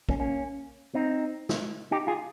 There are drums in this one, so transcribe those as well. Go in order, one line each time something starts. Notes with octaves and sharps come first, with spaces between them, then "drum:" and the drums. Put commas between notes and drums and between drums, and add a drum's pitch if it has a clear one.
A#3 C#4, drum: kick
A#3 C#4
C4 D#4
drum: snare
D#4 G4
F4 G#4